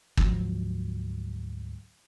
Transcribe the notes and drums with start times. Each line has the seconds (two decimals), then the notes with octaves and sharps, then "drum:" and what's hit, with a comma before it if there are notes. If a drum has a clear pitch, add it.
0.17 D2 G#2 F3 F#3, drum: kick